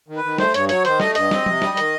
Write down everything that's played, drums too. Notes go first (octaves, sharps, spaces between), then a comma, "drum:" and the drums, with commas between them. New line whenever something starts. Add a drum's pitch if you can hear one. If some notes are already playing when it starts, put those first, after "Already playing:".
D#3
B4
D#3
A3 C5, drum: snare
G2 C#5, drum: hi-hat
F#3 C#5, drum: hi-hat
D#3 C5, drum: hi-hat
A3 D#5, drum: snare
G2 D#5, drum: hi-hat
C4, drum: snare
C3, drum: tom F3
G3, drum: snare
D#3, drum: hi-hat